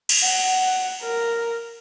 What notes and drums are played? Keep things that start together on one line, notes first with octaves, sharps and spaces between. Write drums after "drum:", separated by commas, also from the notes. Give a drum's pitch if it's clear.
drum: cymbal
F#5
A#4